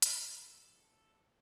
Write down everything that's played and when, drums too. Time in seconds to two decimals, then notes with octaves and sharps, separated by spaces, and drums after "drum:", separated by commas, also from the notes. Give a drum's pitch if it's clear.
0.02 drum: hi-hat
0.46 A4